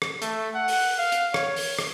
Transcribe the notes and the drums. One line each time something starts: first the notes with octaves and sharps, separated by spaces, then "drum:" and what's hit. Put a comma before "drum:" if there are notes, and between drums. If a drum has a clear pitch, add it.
drum: rim click
A3, drum: hi-hat
F#5
drum: open hi-hat
F5
drum: hi-hat
C#5, drum: rim click
drum: open hi-hat
drum: rim click